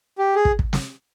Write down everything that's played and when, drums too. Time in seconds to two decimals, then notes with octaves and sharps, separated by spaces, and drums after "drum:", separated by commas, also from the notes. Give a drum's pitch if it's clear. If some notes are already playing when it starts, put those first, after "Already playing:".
0.18 G4
0.35 G#4
0.45 drum: kick
0.59 drum: kick
0.73 drum: snare